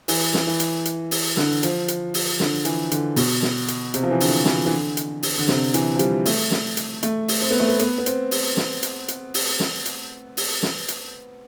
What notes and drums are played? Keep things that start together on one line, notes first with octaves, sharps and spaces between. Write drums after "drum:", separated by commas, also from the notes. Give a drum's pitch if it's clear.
E3, drum: open hi-hat
drum: snare
E3
drum: hi-hat
drum: hi-hat
drum: open hi-hat
D3, drum: snare
F3, drum: hi-hat
drum: hi-hat
drum: open hi-hat
D3, drum: snare
E3, drum: hi-hat
D3, drum: hi-hat
B2, drum: open hi-hat
drum: snare
drum: hi-hat
C3, drum: hi-hat
F3
E3
D3, drum: open hi-hat
E3, drum: snare
E3
D3
drum: hi-hat
drum: open hi-hat
D3
C3, drum: snare
E3, drum: hi-hat
F3
G3, drum: hi-hat
A3, drum: open hi-hat
drum: snare
drum: hi-hat
A3, drum: hi-hat
drum: open hi-hat
C4
B3
A3
B3
B3, drum: hi-hat
B3
C4, drum: hi-hat
drum: open hi-hat
drum: snare
drum: hi-hat
drum: hi-hat
drum: open hi-hat
drum: snare
drum: hi-hat
drum: open hi-hat
drum: snare
drum: hi-hat